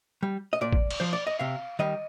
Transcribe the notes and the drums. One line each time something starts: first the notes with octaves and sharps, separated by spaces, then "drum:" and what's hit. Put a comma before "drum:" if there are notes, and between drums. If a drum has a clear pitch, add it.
G3
D#5
A#2 D5
drum: kick A1
drum: cymbal
F3 C5
D5
D#5
C3 F5
D#3 G3 D#5